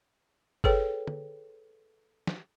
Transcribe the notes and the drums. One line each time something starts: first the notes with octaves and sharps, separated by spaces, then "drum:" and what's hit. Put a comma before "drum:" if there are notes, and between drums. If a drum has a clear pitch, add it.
G#4 A4 B4 C#5 G5, drum: kick G1
drum: tom D3
drum: snare